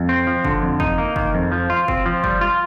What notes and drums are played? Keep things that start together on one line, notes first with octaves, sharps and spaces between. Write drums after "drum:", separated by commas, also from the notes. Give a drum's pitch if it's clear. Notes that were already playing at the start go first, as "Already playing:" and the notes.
Already playing: F2
C4
F3
D3, drum: kick
F2
D#4, drum: kick
A#3
D#3, drum: kick
F2
F3
F4
C4, drum: kick
F3
G3, drum: kick
F4